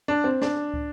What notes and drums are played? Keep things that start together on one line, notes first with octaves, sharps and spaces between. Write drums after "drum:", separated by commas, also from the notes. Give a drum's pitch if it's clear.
D4
C4
D4, drum: snare
drum: kick